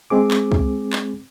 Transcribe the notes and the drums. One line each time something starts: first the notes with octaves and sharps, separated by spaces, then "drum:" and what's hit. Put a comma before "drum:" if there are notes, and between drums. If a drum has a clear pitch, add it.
G#3 C4 G#4 D6
drum: clap
drum: kick C2
drum: clap